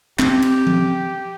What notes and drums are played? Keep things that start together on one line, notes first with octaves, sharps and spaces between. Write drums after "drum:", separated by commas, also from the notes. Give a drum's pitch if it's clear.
C4 G4, drum: clap
drum: cymbal
drum: tom F3